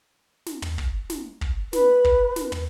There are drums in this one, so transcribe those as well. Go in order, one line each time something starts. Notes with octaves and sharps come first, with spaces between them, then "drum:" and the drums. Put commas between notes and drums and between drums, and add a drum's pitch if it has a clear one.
drum: snare
drum: tom
drum: kick
drum: snare
drum: kick
B4, drum: snare
drum: kick
drum: snare
drum: tom